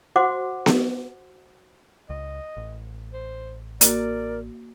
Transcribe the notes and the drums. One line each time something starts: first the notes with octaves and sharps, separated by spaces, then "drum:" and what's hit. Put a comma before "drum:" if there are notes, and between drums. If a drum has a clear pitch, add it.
F#4 C5 F#5 C6 D6
drum: snare B3
C#2 D#5
A1
C5
A#3 F#4 A#4 D5, drum: hi-hat